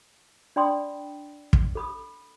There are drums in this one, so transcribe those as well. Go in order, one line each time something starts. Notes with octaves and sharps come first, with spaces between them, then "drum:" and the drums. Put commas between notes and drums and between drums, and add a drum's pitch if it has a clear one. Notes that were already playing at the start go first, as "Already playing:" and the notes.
D4 D5 G5 B5 C6 D#6
drum: kick
A4 B5 D#6